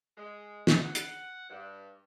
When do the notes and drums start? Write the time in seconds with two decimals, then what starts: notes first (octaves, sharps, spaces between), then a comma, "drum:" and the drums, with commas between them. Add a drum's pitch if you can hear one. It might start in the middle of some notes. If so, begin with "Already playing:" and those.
0.17 G#3
0.67 drum: snare
0.83 F#5
0.95 drum: hi-hat
1.50 G2